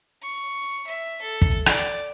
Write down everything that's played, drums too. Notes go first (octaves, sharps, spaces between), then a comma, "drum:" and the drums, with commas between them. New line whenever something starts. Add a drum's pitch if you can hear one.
C#6
E5
A4
drum: kick
D5, drum: rim click